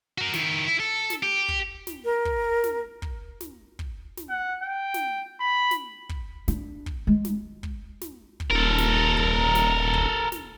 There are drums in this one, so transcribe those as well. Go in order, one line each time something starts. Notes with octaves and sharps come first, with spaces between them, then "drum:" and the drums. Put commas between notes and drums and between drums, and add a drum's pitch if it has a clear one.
F#4 A#4
D#3 E4, drum: snare
E4
A4
drum: snare
G4
drum: kick
drum: snare
A#4
drum: kick
drum: snare
drum: kick
drum: snare
drum: kick
drum: snare
F#5
G5
drum: snare
B5
drum: snare
drum: kick
D4, drum: snare
drum: kick
G#3
drum: snare
drum: kick
drum: snare
drum: kick
D#1 A4 A#4
drum: snare
drum: kick
drum: snare
drum: kick
drum: snare